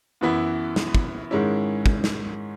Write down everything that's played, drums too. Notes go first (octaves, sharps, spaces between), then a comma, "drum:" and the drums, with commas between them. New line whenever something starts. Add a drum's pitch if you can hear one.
F#2 E3 B3 E4
drum: snare
drum: kick
G#2 D#3 G#3 C#4 E4
drum: kick
drum: snare